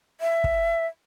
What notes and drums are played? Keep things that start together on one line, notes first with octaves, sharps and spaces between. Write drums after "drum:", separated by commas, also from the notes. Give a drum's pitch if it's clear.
E5
drum: kick